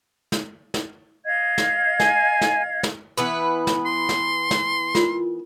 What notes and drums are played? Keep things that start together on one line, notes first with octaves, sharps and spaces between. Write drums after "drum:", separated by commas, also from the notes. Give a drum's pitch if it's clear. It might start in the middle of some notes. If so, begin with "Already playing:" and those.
drum: snare
drum: snare
D#5 F5 G#6
drum: snare
G#5, drum: snare
drum: snare
drum: snare
E3 B3 B4
drum: snare
C6
drum: snare
drum: snare
F4 A#4, drum: snare